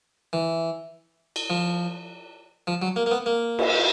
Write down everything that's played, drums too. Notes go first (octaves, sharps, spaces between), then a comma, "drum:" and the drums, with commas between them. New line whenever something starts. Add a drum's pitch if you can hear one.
E3
drum: cymbal
F3
F3
F#3
A#3
A#3
B3
A#3
drum: cymbal